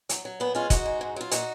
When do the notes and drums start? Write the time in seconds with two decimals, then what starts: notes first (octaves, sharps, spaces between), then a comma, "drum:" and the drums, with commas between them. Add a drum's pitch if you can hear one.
0.09 F#3, drum: hi-hat
0.25 F#3
0.40 A#2 B3
0.55 G#3 C#4 F4
0.70 G#2 D#4 F#4, drum: kick, hi-hat
0.86 G#3
1.01 G#2
1.16 F#3 F4
1.31 A#2 D#4 F#4, drum: hi-hat